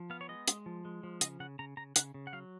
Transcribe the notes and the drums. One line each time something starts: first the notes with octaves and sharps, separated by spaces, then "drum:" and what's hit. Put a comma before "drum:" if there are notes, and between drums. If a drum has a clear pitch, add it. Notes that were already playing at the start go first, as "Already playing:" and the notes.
Already playing: F3
B3 F5
C#5
G#3 D#5
G#3, drum: hi-hat
F3
G#3
F3
C#3 D#5, drum: hi-hat
C#3 F#5
C#3 A#5
C#3 A#5
C#3 F#5, drum: hi-hat
C#3
F#5
F#3 F5